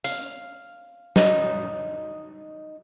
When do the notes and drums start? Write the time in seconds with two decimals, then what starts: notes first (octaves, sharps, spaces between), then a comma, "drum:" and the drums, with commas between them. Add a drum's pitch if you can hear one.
0.04 F5, drum: hi-hat
1.16 D#4, drum: snare